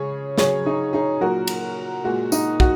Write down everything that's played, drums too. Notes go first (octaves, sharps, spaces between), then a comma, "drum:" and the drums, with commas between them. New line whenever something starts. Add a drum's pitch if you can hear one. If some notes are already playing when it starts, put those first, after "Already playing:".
Already playing: C#3 G#3 G#4 C#5
C#3 F#3 G#4 C#5, drum: snare
D#4 G#4
D#4 G#4
A#2 F#3 F#4 A#4
drum: cymbal
A#2 G#3 F#4
D#4, drum: tambourine
F#4, drum: kick